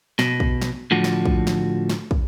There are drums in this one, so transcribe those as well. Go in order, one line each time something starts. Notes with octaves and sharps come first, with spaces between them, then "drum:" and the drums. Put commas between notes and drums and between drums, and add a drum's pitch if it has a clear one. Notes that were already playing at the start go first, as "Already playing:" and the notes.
B2, drum: snare
drum: kick
drum: snare
A2 D3 F3 F#4
drum: snare
drum: kick
drum: snare
drum: snare
drum: kick